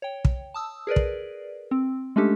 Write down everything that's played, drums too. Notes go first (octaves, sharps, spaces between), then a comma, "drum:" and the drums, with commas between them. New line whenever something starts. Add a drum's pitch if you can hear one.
C#5 G5
drum: kick
A5 D#6 E6
G#4 A#4 B4 D5
drum: kick
C4
G#3 A3 C#4 D4 G4 A4